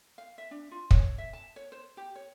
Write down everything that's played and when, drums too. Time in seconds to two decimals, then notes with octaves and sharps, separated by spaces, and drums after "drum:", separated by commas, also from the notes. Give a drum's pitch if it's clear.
0.18 F5
0.38 E5
0.51 D4
0.71 F4
0.91 C#5, drum: kick
1.18 E5
1.33 A5
1.56 C#5
1.72 C5
1.97 G4
2.16 C#5